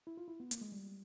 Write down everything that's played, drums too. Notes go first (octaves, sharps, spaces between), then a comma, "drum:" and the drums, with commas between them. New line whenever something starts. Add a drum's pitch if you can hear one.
E4
F4
E4
B3
A#3, drum: hi-hat
G#3
G3